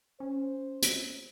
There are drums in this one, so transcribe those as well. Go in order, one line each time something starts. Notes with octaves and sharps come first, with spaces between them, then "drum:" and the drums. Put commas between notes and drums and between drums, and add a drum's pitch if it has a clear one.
C#4 C5
drum: hi-hat